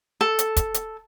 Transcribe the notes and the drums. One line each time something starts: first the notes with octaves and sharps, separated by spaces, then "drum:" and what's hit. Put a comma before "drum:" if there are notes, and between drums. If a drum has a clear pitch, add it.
A4
drum: hi-hat
drum: kick, hi-hat
drum: hi-hat